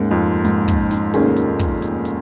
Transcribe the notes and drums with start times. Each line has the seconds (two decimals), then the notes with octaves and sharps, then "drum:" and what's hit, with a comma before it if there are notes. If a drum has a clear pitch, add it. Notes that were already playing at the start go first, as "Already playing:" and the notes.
Already playing: D#2 G#2 D#3 C#4 G#4
0.11 F2
0.45 G#2, drum: hi-hat
0.68 drum: kick, hi-hat
0.91 drum: snare
1.14 F1 D#2 D#3 C#4 G#4, drum: open hi-hat
1.36 drum: hi-hat
1.59 drum: kick, hi-hat
1.82 drum: hi-hat
2.05 drum: hi-hat